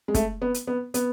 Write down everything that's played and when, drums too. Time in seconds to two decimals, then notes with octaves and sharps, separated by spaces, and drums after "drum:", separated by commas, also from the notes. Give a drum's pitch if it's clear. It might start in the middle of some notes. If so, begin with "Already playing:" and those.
0.08 G#3
0.14 A3, drum: kick, hi-hat
0.42 B3
0.54 drum: hi-hat
0.67 B3
0.94 B3, drum: hi-hat